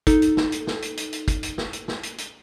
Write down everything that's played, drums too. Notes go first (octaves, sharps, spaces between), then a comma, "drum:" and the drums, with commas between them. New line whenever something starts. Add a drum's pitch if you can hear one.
D#4 A4, drum: kick, hi-hat
drum: hi-hat
drum: snare
drum: hi-hat
drum: snare
drum: hi-hat
drum: hi-hat
drum: hi-hat
drum: kick, hi-hat
drum: hi-hat
drum: snare
drum: hi-hat
drum: snare
drum: hi-hat
drum: hi-hat